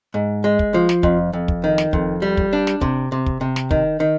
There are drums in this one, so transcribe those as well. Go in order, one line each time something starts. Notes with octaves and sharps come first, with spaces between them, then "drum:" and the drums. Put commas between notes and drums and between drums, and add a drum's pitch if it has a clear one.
G#2
G#3
drum: kick
F3
drum: snare
F2, drum: kick
F2
drum: kick
D#3
drum: snare
F2, drum: kick
G3
drum: kick
D4
drum: snare
C3, drum: kick
C3
drum: kick
C3
drum: snare
D#3, drum: kick
D#3